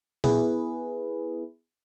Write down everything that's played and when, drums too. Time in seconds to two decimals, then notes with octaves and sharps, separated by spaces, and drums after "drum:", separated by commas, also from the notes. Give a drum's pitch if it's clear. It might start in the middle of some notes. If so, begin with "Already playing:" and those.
0.24 B3 E4 G#4 B4, drum: tom A#2